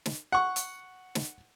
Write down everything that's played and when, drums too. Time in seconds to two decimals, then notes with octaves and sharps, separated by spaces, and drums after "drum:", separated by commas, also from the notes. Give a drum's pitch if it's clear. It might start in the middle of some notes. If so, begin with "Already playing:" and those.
0.06 drum: snare
0.32 F#5 C#6
0.56 drum: hi-hat
1.15 drum: snare